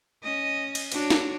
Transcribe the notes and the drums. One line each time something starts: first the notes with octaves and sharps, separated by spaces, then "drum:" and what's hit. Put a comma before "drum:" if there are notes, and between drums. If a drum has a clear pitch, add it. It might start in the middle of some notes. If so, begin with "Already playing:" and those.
C#4 D#5
drum: cymbal
D4 F#4 C#5, drum: cymbal
drum: snare